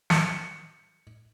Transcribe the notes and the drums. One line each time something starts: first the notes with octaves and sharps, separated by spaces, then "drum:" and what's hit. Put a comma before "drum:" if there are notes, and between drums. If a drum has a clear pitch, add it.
C#7, drum: snare